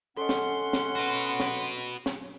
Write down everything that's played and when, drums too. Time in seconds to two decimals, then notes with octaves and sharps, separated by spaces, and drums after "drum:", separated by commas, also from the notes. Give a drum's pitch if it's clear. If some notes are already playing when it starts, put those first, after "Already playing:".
0.17 C#4 A4 D#5 F#5 C6
0.29 drum: snare
0.73 drum: snare
0.95 F#4 B4
1.40 drum: snare
2.06 drum: snare